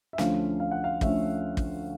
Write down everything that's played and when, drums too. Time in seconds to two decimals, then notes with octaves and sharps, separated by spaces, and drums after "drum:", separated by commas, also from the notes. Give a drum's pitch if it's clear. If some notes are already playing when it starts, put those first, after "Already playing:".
0.13 E5
0.18 D2 D3 F3 A3 C#4 F5, drum: snare
0.60 F5
0.71 F#5
0.84 F5
1.01 D2 D3 F3 A3 C#4 E5, drum: kick
1.57 drum: kick